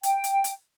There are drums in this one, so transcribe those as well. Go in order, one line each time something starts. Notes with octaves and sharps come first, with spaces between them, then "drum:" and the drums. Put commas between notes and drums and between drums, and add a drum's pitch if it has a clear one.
G5, drum: hi-hat
drum: hi-hat
drum: hi-hat